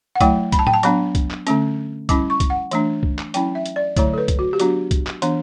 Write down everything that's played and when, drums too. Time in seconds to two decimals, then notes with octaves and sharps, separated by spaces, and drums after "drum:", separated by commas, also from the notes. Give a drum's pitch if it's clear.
0.15 F#5
0.21 F#3 A3 E4 G5, drum: kick C2, hi-hat
0.52 B5, drum: kick C2, hi-hat
0.59 A5
0.67 G5, drum: tom A2
0.74 A5
0.83 F#3 B3 D4 B5, drum: hi-hat
1.15 drum: kick C2, hi-hat
1.30 drum: clap
1.47 D3 A3 C#4, drum: hi-hat
2.09 G3 C#4 E4 D6, drum: kick C2, hi-hat
2.30 C#6
2.40 drum: kick C2, hi-hat
2.50 F#5
2.71 E3 A3 D4, drum: hi-hat
3.03 drum: kick C2
3.19 drum: clap
3.34 F#3 C#4 E4 G5, drum: hi-hat
3.55 E5
3.66 drum: hi-hat
3.76 D5
3.96 D3 F#3 A3 E4 C#5, drum: kick C2, hi-hat
4.13 A4
4.18 B4
4.28 drum: kick C2, hi-hat
4.39 F#4
4.53 G4
4.60 F#3 B3 D4 F#4, drum: hi-hat
4.91 drum: kick C2, hi-hat
5.07 drum: clap
5.22 E3 B3 D4, drum: hi-hat